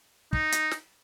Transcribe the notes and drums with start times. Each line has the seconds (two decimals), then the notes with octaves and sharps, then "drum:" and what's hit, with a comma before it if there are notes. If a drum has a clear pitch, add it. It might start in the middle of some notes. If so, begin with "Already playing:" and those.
0.33 D#4, drum: kick
0.52 drum: hi-hat
0.71 drum: snare